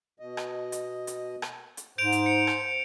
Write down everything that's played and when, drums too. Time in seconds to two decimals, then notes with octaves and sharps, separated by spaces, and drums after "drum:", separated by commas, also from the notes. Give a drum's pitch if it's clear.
0.20 B2 D#5
0.37 drum: rim click
0.72 drum: hi-hat
1.07 drum: hi-hat
1.42 drum: rim click
1.77 drum: hi-hat
1.98 G#2 C5 G6 D7 F7
2.12 drum: hi-hat
2.26 C#7
2.47 drum: rim click